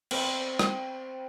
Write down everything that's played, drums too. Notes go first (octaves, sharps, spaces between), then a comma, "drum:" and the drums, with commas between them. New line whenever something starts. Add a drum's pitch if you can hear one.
C4, drum: cymbal
drum: rim click